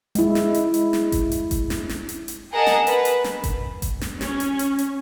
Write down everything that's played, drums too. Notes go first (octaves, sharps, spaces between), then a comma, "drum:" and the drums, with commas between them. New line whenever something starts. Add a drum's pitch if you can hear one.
G#3 E4, drum: hi-hat
drum: snare
drum: hi-hat
drum: hi-hat
drum: snare
drum: kick G1, hi-hat
drum: hi-hat
drum: kick G1, hi-hat
drum: snare
drum: snare
drum: hi-hat
drum: hi-hat
G#4 A#4 D#5 F#5 A5
drum: snare
B4, drum: hi-hat
drum: hi-hat
drum: snare
drum: kick G1, hi-hat
drum: kick G1, hi-hat
drum: snare
C#4, drum: snare
drum: hi-hat
drum: hi-hat
drum: hi-hat